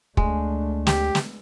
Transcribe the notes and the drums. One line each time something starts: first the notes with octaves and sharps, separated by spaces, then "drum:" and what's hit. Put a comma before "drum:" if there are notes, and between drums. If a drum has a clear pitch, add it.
D2 G#3 A3 D4, drum: kick
G4, drum: snare
drum: snare